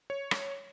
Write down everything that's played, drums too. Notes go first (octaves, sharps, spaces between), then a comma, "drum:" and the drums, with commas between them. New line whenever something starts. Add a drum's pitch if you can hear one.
C#5
drum: rim click